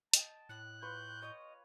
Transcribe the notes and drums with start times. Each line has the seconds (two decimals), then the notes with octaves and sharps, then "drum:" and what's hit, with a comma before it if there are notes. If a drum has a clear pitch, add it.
0.13 D#5 G5 A5, drum: hi-hat
0.49 A2 F#6
0.83 F4 B4 C#6 G6
1.22 C#5 D#5